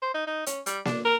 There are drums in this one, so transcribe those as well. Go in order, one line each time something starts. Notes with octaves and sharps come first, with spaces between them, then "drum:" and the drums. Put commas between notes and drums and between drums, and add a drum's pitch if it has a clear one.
C5
D#4
D#4
C#4, drum: hi-hat
G3, drum: hi-hat
D4, drum: snare A#3
A#4